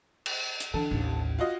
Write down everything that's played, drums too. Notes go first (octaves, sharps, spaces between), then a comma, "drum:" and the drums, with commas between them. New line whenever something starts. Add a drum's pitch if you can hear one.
drum: cymbal
drum: hi-hat
D3 E3 A4
A1 D#2
F4 F#4 D#5